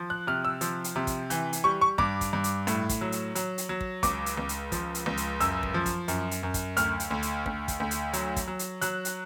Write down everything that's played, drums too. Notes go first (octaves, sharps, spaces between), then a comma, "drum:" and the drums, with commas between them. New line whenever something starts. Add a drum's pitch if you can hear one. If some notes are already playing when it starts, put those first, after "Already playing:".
Already playing: F3
F#6
C3 F6
E6
F3, drum: hi-hat
drum: hi-hat
C3
drum: kick, hi-hat
E3, drum: hi-hat
drum: hi-hat
G3 C#6
C#6
G2 D6, drum: kick
drum: kick, hi-hat
G2
drum: hi-hat
A2, drum: hi-hat
drum: kick, hi-hat
F#3
drum: hi-hat
F#3, drum: hi-hat
drum: hi-hat
F#3
drum: kick
C#2 D6, drum: kick, hi-hat
drum: hi-hat
C#2
drum: hi-hat
F3, drum: kick, hi-hat
drum: hi-hat
C#2
drum: hi-hat
F#2 E6, drum: hi-hat
drum: kick
F3
drum: kick, hi-hat
F#2, drum: hi-hat
drum: hi-hat
F#2
drum: kick, hi-hat
D2 F6, drum: hi-hat
drum: hi-hat
D2
drum: hi-hat
D2, drum: kick
drum: kick, hi-hat
D2
drum: hi-hat
F#3, drum: hi-hat
drum: kick, hi-hat
F#3
drum: hi-hat
F#3 F#6, drum: hi-hat
drum: hi-hat